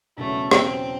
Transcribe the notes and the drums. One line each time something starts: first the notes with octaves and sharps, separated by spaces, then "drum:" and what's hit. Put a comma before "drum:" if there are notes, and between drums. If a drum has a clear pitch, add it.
E1 E2 C#3 F#3 A3 C#4
C4, drum: rim click